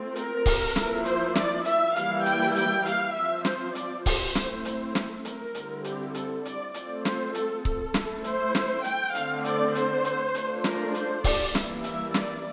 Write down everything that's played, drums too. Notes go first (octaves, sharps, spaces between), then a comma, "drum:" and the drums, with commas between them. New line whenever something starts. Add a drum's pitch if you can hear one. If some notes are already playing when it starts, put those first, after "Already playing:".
Already playing: A3 C4 F4
A#4, drum: hi-hat
drum: kick C#1, open hi-hat
F3 A#3 E4, drum: snare
C5, drum: hi-hat
D5, drum: snare
E5, drum: hi-hat
E3 G3 A#3 E4 F5, drum: hi-hat
G5, drum: hi-hat
G5, drum: hi-hat
F5, drum: hi-hat
F3 C4 F4 E5
C5, drum: snare
D5, drum: hi-hat
C5, drum: kick C#1, open hi-hat
A3 C4 E4, drum: snare
drum: hi-hat
drum: snare
A#4, drum: hi-hat
D3 G3 C4 E4, drum: hi-hat
G4, drum: hi-hat
A4, drum: hi-hat
D5, drum: hi-hat
A3 C4 F4 D5, drum: hi-hat
C5, drum: snare
A4, drum: hi-hat
A4, drum: kick C#1
A3 E4, drum: snare
C5, drum: hi-hat
drum: snare
G5, drum: hi-hat
D3 A3 C4 F5, drum: hi-hat
D5, drum: hi-hat
C5, drum: hi-hat
drum: hi-hat
A3 D4 F4, drum: hi-hat
A#4, drum: snare
C5, drum: hi-hat
D5, drum: kick C#1, open hi-hat
E3 G3 A#3 E4, drum: snare
E5, drum: hi-hat
D5, drum: snare